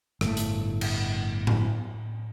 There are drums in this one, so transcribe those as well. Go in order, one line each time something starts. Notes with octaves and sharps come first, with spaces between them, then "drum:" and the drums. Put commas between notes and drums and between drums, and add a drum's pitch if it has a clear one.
G1 A2 A3, drum: rim click
drum: hi-hat
drum: cymbal
drum: tom A2